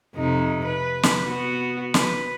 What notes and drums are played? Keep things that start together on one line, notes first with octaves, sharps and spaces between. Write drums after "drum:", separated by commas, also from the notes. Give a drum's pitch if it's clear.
F2 C3 D#4
B4
drum: snare
B3 F#4
B4, drum: snare